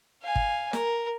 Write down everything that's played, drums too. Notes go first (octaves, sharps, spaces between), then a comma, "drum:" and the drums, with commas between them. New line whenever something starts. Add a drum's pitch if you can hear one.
F5 G#5
drum: kick
A#4, drum: snare